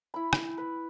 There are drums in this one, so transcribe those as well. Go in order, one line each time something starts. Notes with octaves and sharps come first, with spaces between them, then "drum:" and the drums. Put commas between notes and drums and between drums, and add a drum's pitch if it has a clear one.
E4 B5
drum: rim click
B4